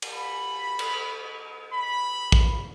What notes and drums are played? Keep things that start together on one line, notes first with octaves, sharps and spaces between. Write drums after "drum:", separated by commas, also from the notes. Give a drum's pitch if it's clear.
drum: cymbal
B5
drum: cymbal
B5
drum: kick